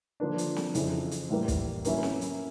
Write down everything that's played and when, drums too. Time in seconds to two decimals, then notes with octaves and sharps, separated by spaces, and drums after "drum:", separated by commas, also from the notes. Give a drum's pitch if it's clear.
0.20 D3 F3 A#3 D4
0.38 drum: hi-hat
0.56 drum: snare
0.75 F2 C#3 E3, drum: hi-hat
1.11 drum: hi-hat
1.29 A2 E3 G3 A#3
1.48 drum: kick, hi-hat
1.85 F#3 A#3 C#4 E4, drum: hi-hat
2.03 drum: snare
2.21 drum: hi-hat